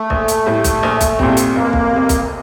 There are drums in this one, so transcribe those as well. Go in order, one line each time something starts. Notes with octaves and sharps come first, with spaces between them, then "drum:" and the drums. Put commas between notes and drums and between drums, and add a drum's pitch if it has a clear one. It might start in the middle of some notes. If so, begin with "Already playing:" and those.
Already playing: A3
A#1, drum: kick
drum: hi-hat
A2 G3
drum: kick, hi-hat
A#1
drum: kick, hi-hat
A#2 G3 C4, drum: kick
drum: hi-hat
F1 A#3
drum: kick
F2 C3
drum: kick, hi-hat